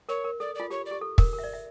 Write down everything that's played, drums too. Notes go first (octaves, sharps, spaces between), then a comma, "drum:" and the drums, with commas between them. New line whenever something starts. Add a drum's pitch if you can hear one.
A#4 C#5
A#4
A4 D5
F4 D5
G4 C#5
D5
G4
A4
A#4, drum: kick
A#4
E5
D5
E5